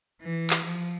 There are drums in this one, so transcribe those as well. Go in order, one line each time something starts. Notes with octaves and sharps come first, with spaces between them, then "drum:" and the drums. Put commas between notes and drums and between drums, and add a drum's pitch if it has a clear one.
E3
drum: clap
F3